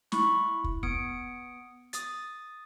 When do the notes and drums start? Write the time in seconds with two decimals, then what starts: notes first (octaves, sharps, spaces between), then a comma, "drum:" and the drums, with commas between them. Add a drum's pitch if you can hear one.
0.12 E4 B5 C#6, drum: snare
0.64 drum: kick
0.83 B3 D#6 C#7 D7, drum: kick
1.93 D#6 A6, drum: hi-hat